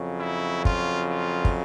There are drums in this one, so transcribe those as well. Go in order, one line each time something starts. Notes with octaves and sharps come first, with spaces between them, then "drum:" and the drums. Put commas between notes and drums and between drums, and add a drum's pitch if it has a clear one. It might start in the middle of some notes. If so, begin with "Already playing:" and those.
Already playing: F2 C#3 F#3
E4
F4, drum: kick
F4
drum: kick